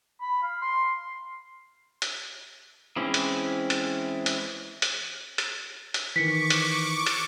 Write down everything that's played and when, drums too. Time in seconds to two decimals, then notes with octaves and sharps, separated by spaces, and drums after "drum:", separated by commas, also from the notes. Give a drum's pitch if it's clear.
0.21 B5
0.43 F5
0.62 C6
2.02 drum: hi-hat
2.96 E3 G#3 C4 C#4 E4
3.14 drum: hi-hat
3.70 drum: hi-hat
4.26 drum: hi-hat
4.82 drum: hi-hat
5.38 drum: hi-hat
5.94 drum: hi-hat
6.16 D#3 E3 C#6 D6 B6 C#7
6.50 drum: hi-hat
7.06 drum: hi-hat